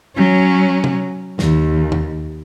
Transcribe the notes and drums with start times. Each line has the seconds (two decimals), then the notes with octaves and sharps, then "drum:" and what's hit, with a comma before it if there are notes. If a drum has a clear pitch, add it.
0.17 F#3 C#4
0.84 drum: tom
1.39 D#2, drum: snare
1.92 drum: tom E2